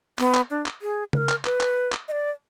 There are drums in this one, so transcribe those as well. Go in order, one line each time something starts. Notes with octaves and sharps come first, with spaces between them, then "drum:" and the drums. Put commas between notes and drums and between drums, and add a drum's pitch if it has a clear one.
B3, drum: clap
drum: clap
D4
drum: clap
G#4
B4, drum: tom C#3
A#4
drum: clap
B4, drum: clap
drum: clap
drum: clap
D#5
D5